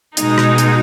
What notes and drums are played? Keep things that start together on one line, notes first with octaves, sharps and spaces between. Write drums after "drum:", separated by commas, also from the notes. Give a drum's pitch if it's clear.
B2 G#3 D#4, drum: hi-hat
drum: rim click
drum: hi-hat